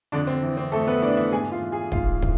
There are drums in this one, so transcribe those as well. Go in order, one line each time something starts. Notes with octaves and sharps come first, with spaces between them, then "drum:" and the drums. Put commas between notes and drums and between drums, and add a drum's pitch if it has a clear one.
F2 D3 D4
C4
E3
C4
F2 A3 A4
B3 B4
E3 D4 D5
E4 E5
G#2 G#4 G#5
F4 F5
E3
G#4 G#5
G#2 F4 F5, drum: kick
E3, drum: kick